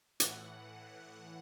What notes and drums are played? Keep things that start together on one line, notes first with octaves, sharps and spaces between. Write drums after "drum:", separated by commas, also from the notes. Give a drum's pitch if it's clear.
A2 E3 F#5, drum: hi-hat